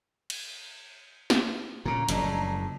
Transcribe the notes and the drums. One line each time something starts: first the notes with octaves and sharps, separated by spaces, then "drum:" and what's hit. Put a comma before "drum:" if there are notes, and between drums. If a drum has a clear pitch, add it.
drum: cymbal
drum: snare
A#2 C#3 A#5
F#1 A2 F3 G#3 D4, drum: hi-hat